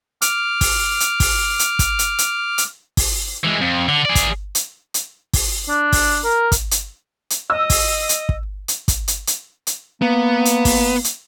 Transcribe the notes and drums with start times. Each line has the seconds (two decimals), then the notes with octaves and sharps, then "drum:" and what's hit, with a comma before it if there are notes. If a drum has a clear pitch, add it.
0.22 D6 F6, drum: hi-hat
0.61 drum: kick, open hi-hat
1.00 drum: hi-hat
1.20 drum: kick, open hi-hat
1.59 drum: hi-hat
1.79 drum: kick, hi-hat
1.99 drum: hi-hat
2.18 drum: hi-hat
2.58 drum: hi-hat
2.97 drum: kick, open hi-hat
3.44 E3 G#3
3.61 F2
3.88 D3
4.05 G#4 D5
4.15 drum: kick, hi-hat
4.55 drum: hi-hat
4.94 drum: hi-hat
5.33 drum: kick, open hi-hat
5.69 D4
5.93 drum: kick, open hi-hat
6.24 A#4
6.52 drum: kick, hi-hat
6.71 drum: hi-hat
7.30 drum: hi-hat
7.50 D#5 E6
7.70 drum: kick, open hi-hat
8.09 drum: hi-hat
8.29 drum: kick
8.68 drum: hi-hat
8.88 drum: kick, hi-hat
9.08 drum: hi-hat
9.27 drum: hi-hat
9.67 drum: hi-hat
10.02 A#3 B3
10.45 drum: hi-hat
10.65 drum: kick, open hi-hat
11.04 drum: hi-hat